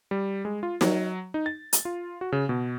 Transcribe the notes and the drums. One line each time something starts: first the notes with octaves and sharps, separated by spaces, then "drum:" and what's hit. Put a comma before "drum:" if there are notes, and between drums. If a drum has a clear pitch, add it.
G3
G#3
F4
F#3, drum: snare
D#4
A6
drum: hi-hat
F4
F#4
C#3
B2